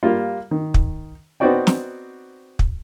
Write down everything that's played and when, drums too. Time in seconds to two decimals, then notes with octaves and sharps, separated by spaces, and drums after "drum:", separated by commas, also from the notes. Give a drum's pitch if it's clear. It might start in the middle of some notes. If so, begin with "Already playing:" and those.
0.03 G3 A#3 F4
0.51 D#3
0.74 drum: kick
1.40 B3 C4 D#4 F#4 D5 G5
1.67 drum: snare
2.59 drum: kick